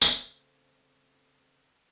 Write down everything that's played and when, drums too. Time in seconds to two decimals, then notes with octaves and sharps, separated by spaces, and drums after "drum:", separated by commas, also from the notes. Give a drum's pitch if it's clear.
0.02 C#3 A3 C4, drum: tambourine